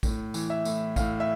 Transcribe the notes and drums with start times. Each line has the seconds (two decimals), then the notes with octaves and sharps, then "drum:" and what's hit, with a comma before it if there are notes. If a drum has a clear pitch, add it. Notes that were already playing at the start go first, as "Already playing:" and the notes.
0.03 A2, drum: kick, tambourine
0.34 E3, drum: tambourine
0.50 E5
0.65 A2, drum: tambourine
0.96 A2 F5, drum: kick, tambourine
1.20 E5